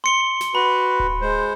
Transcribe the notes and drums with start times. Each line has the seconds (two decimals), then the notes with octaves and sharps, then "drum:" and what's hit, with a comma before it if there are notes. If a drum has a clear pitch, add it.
0.04 C6 C#7 G7
0.41 drum: snare
0.55 F#4 B4 B5
1.00 drum: kick D1
1.21 G#3 C5